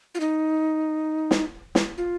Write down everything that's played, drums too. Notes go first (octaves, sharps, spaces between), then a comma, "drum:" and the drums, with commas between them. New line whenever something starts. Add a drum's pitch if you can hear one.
F4
D#4
drum: snare
drum: snare
F4